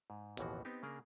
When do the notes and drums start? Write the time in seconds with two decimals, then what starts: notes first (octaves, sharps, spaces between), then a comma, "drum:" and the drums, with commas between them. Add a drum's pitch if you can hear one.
0.10 G#2
0.37 A1 D#2 B2 E3 F3 F#4, drum: hi-hat
0.65 B3 C4 D#4 G4
0.83 C#3 A#3 D4 G#4 A#4